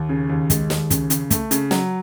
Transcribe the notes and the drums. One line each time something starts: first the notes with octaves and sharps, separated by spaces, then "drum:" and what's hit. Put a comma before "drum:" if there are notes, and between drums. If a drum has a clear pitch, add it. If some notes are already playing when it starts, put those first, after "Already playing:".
Already playing: D#2
C#3
D#2
G#3, drum: kick, hi-hat
D#2, drum: snare
C#3, drum: kick, hi-hat
C#3, drum: hi-hat
A3, drum: kick, hi-hat
C#3, drum: hi-hat
F#3, drum: snare